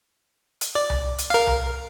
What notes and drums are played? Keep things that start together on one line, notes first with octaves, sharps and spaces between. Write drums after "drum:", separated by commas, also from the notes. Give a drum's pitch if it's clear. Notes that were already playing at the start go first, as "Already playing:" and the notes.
drum: hi-hat
D5
drum: tom C2
drum: hi-hat
A#4 F5
drum: tom C2